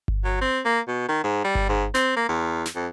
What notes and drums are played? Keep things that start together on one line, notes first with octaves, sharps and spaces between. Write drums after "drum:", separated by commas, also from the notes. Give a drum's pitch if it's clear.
drum: kick G1
F#3
C4
A#3
B2
D#3
G#2
G3
drum: kick G1
G#2
C4, drum: snare
A#3
E2
drum: snare
F2